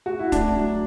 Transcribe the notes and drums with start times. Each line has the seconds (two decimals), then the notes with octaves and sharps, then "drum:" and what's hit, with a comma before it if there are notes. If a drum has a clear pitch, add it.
0.06 F#4
0.19 E4
0.32 A3 D4, drum: kick, hi-hat
0.57 F#3